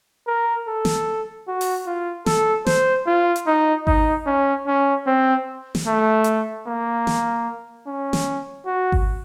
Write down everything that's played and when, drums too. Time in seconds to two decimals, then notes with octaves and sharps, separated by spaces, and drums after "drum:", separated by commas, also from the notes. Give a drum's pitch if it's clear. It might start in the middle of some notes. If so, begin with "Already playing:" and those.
0.27 A#4
0.67 A4
0.85 drum: snare
1.48 F#4
1.61 drum: open hi-hat
1.87 F4
2.26 A4, drum: snare
2.66 C5, drum: snare
3.07 F4
3.36 drum: hi-hat
3.47 D#4
3.87 D#4, drum: kick G#1
4.26 C#4
4.67 C#4
5.07 C4
5.75 drum: snare
5.87 A3
6.24 drum: hi-hat
6.67 A#3
7.07 drum: snare
7.87 C#4
8.13 drum: snare
8.66 F#4
8.92 drum: kick G#1